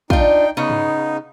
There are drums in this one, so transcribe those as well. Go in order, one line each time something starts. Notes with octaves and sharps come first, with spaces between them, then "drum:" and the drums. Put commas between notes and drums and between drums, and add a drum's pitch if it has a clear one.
D4 D#4 F4 G5, drum: kick
C#3 B3 D#4
drum: tom